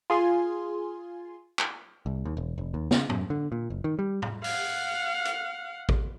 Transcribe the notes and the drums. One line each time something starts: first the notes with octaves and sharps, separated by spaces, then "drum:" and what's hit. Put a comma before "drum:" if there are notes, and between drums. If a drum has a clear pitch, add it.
F4 G#4 G#5 C6
drum: clap
C2
D#2
E1
F1
D#2
C#3, drum: snare
F#2, drum: tom
D3
A#2
F#1
D#3
G3
drum: tom
F5 F#5, drum: open hi-hat
drum: hi-hat
drum: kick